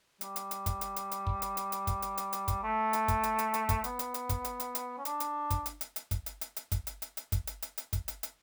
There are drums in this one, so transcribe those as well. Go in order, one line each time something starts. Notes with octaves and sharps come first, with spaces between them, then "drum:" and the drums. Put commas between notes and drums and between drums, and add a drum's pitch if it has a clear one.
G3, drum: hi-hat
drum: hi-hat
drum: hi-hat
drum: kick, hi-hat
drum: hi-hat
drum: hi-hat
drum: hi-hat
drum: kick
drum: hi-hat
drum: hi-hat
drum: hi-hat
drum: kick, hi-hat
drum: hi-hat
drum: hi-hat
drum: hi-hat
drum: kick, hi-hat
A3
drum: hi-hat
drum: kick, hi-hat
drum: hi-hat
drum: hi-hat
drum: hi-hat
drum: kick, hi-hat
B3, drum: hi-hat
drum: hi-hat
drum: hi-hat
drum: kick, hi-hat
drum: hi-hat
drum: hi-hat
drum: hi-hat
C#4
D4, drum: hi-hat
drum: hi-hat
drum: kick, hi-hat
drum: hi-hat
drum: hi-hat
drum: hi-hat
drum: kick, hi-hat
drum: hi-hat
drum: hi-hat
drum: hi-hat
drum: kick, hi-hat
drum: hi-hat
drum: hi-hat
drum: hi-hat
drum: kick, hi-hat
drum: hi-hat
drum: hi-hat
drum: hi-hat
drum: kick, hi-hat
drum: hi-hat
drum: hi-hat